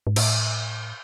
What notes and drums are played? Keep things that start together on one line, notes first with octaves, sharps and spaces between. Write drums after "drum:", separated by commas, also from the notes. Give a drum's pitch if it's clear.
G#2
A2, drum: cymbal